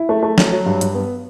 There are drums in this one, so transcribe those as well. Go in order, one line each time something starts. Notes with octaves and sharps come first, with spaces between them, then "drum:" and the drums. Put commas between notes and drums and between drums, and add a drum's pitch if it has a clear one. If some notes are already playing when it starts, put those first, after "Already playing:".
Already playing: E4
A3
A3
F#3, drum: snare
F#3
G2
G2, drum: hi-hat
B3